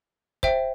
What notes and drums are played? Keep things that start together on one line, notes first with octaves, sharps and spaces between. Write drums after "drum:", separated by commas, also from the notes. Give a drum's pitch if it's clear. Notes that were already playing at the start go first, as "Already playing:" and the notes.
C5 E5 G5, drum: kick